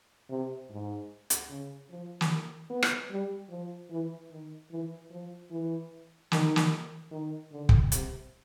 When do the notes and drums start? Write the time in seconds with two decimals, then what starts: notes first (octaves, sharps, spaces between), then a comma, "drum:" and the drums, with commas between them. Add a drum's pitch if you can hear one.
0.30 C3
0.70 G#2
1.30 drum: hi-hat
1.50 C#3
1.90 F3
2.21 drum: snare
2.70 B3
2.82 drum: rim click
3.10 G3
3.50 F3
3.90 E3
4.30 D#3
4.71 E3
5.11 F3
5.51 E3
6.32 D#3, drum: snare
6.56 drum: snare
7.11 D#3
7.51 D3
7.69 drum: kick
7.92 C3, drum: hi-hat